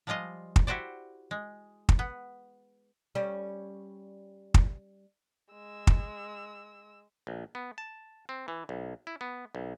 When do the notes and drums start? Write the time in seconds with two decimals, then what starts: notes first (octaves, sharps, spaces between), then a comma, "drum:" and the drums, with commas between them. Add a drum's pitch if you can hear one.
0.07 F3 G3 G#3 F4 D#5
0.56 drum: kick
0.67 E4 F#4 G4 C5 D5
1.31 G#3
1.89 drum: kick
1.99 B3
3.15 G3 C#4
4.54 drum: kick
5.54 G#3 E6
5.87 drum: kick
7.27 A#1
7.55 B3
7.78 A5
8.29 C4
8.48 E3
8.69 B1
9.07 E4
9.21 B3
9.55 B1